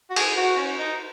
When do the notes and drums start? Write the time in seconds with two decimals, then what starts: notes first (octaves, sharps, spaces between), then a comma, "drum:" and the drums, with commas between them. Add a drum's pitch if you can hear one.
0.10 F#4
0.16 G#4, drum: cymbal
0.38 F#4
0.57 C#4
0.78 D#4